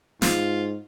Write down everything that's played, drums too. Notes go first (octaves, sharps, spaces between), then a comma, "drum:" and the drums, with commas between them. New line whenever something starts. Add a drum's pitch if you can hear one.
G#2 F4, drum: snare